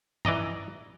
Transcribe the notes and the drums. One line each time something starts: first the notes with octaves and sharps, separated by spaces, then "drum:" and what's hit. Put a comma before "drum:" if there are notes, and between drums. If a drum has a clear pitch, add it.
E3 D5 D#5 A#5, drum: tom G2